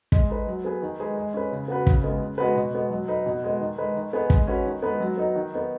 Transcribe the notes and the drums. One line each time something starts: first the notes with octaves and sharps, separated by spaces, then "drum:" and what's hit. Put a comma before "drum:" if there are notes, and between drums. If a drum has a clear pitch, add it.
G#3, drum: kick
D#4 B4
F#3
B3 G#4 B4
D#3
G#3 D#4 G#4 B4
G#3
C#4 B4
C#3
B3 F#4 B4
C#3, drum: kick
G#3 B3
C#3
G#3 B3 F#4 B4
B2
G#3 B3
F#3
D#4 B4
B2
G#3 B3
D#3
G#3 D#4 B4
D#3
B3 D#4 G#4 B4
G#3, drum: kick
C#4 F#4 B4
D#3
G#3 B3 D#4 B4
F#3
B3 D#4
D#3
B3 D#4